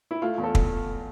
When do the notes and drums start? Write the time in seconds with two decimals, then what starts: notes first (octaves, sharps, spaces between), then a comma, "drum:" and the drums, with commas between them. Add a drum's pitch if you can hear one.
0.11 E4
0.22 A3 F4
0.38 E2
0.44 A4
0.55 drum: kick